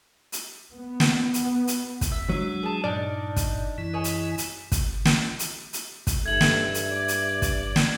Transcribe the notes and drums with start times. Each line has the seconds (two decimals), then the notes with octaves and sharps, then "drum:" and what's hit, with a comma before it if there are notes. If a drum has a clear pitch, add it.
0.32 drum: hi-hat
0.74 B3
1.00 drum: snare
1.34 drum: hi-hat
1.67 drum: hi-hat
2.01 drum: kick, hi-hat
2.12 E2 E5
2.29 F#3 G#3 D4
2.63 G#4 A5
2.84 G2 A#2 D4 D#4 D5 F6
3.36 drum: kick, hi-hat
3.78 F#2 E3 E4
3.93 G#4 C#5 D#5
4.04 drum: hi-hat
4.38 drum: hi-hat
4.72 drum: kick, hi-hat
5.05 drum: snare
5.39 drum: hi-hat
5.73 drum: hi-hat
6.07 drum: kick, hi-hat
6.26 G2 A4 E5 G#6 F#7
6.41 drum: snare
6.74 drum: hi-hat
6.91 D5
7.08 drum: hi-hat
7.42 drum: kick, hi-hat
7.76 drum: snare